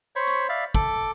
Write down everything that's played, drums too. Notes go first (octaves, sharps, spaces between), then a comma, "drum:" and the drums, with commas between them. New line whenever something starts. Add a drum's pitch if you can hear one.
C5 C#5 B5 C#6
drum: hi-hat
D5 E5 F5 B5
A4 D6, drum: kick